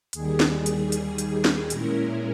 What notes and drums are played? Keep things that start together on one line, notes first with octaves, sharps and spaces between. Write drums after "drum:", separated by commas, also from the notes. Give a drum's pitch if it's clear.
D#2 D#3 G3 G#4, drum: hi-hat
drum: snare
drum: hi-hat
drum: hi-hat
drum: hi-hat
drum: snare
A#2 G#3 C#4 E4 A#4, drum: hi-hat